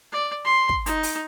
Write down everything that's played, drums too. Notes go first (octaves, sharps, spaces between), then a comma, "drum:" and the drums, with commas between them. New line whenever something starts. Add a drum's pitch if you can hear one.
D5
C6
drum: kick
D#4, drum: hi-hat
drum: open hi-hat